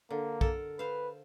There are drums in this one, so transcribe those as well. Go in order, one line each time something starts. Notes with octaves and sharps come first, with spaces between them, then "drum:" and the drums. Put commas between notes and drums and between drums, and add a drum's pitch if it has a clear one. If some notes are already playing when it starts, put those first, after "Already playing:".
D3 A#3
A4 A#4, drum: kick
B4 C5 F5